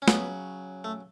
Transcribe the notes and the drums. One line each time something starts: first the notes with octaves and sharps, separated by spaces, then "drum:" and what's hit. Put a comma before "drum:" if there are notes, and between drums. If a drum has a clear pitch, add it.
C#4
C#3 F#3 B3, drum: snare
A3